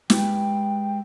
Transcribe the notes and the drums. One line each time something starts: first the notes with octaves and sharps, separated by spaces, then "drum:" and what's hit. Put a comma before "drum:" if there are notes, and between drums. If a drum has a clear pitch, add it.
G#3 G4 B4 G5, drum: snare